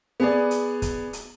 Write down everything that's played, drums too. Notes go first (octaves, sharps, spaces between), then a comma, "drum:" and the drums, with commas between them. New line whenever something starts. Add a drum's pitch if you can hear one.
B3 G#4 D5
drum: hi-hat
drum: kick, hi-hat
drum: hi-hat